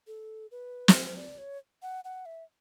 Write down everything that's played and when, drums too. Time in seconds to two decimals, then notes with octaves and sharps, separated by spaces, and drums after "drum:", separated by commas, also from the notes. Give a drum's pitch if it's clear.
0.07 A4
0.51 B4
0.88 C#5, drum: snare
0.95 C5
1.17 D5
1.38 C#5
1.82 F#5
2.05 F#5
2.26 E5